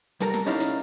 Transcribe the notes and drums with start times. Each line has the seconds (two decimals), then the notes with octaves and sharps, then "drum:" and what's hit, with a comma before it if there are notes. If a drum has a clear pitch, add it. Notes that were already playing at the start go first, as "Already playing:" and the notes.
0.20 C2 G3 A4 A#4 A#5, drum: hi-hat
0.34 drum: snare
0.46 C#4 D#4 E4 D5 F5 A#5, drum: open hi-hat
0.60 drum: hi-hat